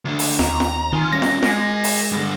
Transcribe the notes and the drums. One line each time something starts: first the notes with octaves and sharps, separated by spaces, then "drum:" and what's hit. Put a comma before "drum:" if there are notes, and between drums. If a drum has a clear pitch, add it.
D2 D3
drum: open hi-hat
D#2 A#5, drum: snare
drum: snare
D#3 C4 F4 G#5
G3 C#4 A#6
drum: snare
G#3 A#4 G#5, drum: snare
drum: open hi-hat
G2 D3